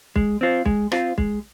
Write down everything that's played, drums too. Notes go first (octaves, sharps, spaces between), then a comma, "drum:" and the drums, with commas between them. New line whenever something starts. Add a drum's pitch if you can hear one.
G#3, drum: kick
C4 F4 C5
G#3, drum: kick
C4 F4 C5, drum: rim click
G#3, drum: kick